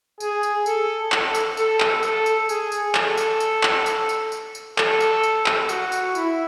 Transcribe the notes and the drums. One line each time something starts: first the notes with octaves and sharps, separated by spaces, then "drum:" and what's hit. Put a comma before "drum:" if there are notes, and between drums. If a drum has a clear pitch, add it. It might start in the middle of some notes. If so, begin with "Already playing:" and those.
G#4, drum: tambourine
drum: tambourine
A4, drum: tambourine
A4, drum: clap
drum: tambourine
A4, drum: tambourine
drum: clap
A4, drum: tambourine
drum: tambourine
G#4, drum: tambourine
drum: tambourine
A4, drum: clap
drum: tambourine
drum: tambourine
drum: clap
drum: tambourine
drum: tambourine
drum: tambourine
drum: tambourine
A4, drum: clap
drum: tambourine
drum: tambourine
drum: clap
F#4, drum: tambourine
drum: tambourine
E4, drum: tambourine